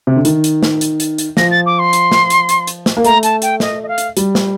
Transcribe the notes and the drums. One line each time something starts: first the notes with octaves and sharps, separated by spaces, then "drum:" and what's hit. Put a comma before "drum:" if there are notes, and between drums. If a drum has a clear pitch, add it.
C3
D3
D#3, drum: hi-hat
drum: hi-hat
drum: snare
drum: hi-hat
drum: hi-hat
drum: hi-hat
F3 A#6, drum: snare
A6
D6
C6
drum: hi-hat
drum: snare
drum: hi-hat
drum: hi-hat
drum: hi-hat
drum: snare
A#3
A3 A#5, drum: hi-hat
A5, drum: hi-hat
G5, drum: hi-hat
D#5, drum: snare
D#5
F5
drum: hi-hat
G3, drum: hi-hat
drum: snare